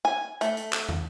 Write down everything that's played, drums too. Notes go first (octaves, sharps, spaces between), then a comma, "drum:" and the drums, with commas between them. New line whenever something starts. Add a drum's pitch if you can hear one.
G#5
A3, drum: hi-hat
drum: hi-hat
drum: clap
drum: tom